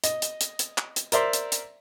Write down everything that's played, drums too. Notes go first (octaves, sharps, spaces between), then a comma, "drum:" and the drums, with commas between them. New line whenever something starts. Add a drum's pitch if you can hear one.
D#5, drum: hi-hat
drum: hi-hat
drum: hi-hat
drum: hi-hat
drum: clap
drum: hi-hat
A#4 C5 D5 E5 A#5 C6, drum: hi-hat
drum: hi-hat
drum: hi-hat